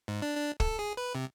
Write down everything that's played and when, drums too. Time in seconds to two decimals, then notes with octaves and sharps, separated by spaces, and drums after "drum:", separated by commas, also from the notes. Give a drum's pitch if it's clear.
0.08 G#2
0.22 D4
0.36 D4
0.60 A4, drum: kick
0.79 G#4
0.97 B4
1.15 C3